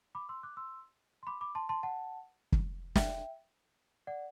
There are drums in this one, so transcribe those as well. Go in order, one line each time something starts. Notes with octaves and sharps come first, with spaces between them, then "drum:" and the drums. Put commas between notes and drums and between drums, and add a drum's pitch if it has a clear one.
B5 D6
C6 E6
D6 F#6
C6 E6
C6
B5 D6
B5 D6
A5 C6
A5 C6
F#5 A5
drum: kick
E5 G5, drum: snare
D5 F#5